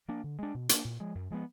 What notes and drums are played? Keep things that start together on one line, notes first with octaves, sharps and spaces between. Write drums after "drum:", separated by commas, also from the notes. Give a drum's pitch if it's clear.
F3 A#3 D4
D3
G#3 D4
B2
A#3 D4, drum: hi-hat
A#2
F3 G#3
F#2
F3 G#3 B3